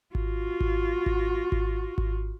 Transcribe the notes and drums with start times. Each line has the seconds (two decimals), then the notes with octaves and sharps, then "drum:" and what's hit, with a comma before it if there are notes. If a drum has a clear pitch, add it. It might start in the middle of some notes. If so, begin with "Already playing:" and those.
0.15 F4 F#4, drum: kick G#1
0.61 drum: kick G#1
1.06 drum: kick G#1
1.52 drum: kick G#1
1.98 drum: kick G#1